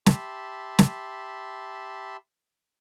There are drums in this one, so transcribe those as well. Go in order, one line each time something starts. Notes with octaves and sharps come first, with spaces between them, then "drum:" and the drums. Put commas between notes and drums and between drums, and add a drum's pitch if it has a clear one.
G4 E5 A5 B5 C6, drum: snare
drum: snare